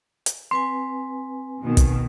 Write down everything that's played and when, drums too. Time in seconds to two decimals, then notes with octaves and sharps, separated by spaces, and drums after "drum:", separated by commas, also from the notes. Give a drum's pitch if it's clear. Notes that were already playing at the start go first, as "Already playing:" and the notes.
0.26 drum: hi-hat
0.51 C4 B4 G#5 C6
1.62 B2 D#3
1.77 drum: kick, hi-hat